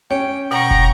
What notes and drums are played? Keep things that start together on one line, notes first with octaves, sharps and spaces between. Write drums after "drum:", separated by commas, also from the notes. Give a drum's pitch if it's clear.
C#4 C#5 G5
B2 F#5 G5 A#5 C#6 A#6
drum: kick